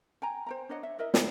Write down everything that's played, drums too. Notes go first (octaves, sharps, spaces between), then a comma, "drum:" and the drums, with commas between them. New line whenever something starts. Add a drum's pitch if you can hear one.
G5 G#5 A#5
C5 G5 A#5
D4 C#5 D#5 F#5
E5
E4 A#4 D#5 E5
F5 F#5, drum: snare